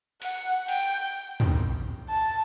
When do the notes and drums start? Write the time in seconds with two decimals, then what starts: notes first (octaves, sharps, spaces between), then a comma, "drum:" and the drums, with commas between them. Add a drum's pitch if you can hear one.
0.22 F#5, drum: open hi-hat
0.68 G5, drum: open hi-hat
1.40 drum: tom
2.09 A5